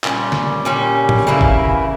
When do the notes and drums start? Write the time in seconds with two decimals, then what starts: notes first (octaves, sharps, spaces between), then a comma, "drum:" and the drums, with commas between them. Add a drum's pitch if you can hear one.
0.04 A#2 G3 C#4, drum: clap
0.32 drum: snare
0.65 A#2 G3 C#4
1.09 drum: tom A2
1.27 C#3 E3 A#3 E4
1.41 drum: kick G1